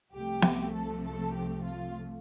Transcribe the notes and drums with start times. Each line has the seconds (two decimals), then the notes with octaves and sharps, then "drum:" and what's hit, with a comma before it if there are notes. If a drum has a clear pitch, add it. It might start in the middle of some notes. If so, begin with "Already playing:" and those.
0.14 C2 C3 F3 A3 G4
0.42 drum: snare B3
0.74 A4
1.04 A4
1.34 G4
1.63 F4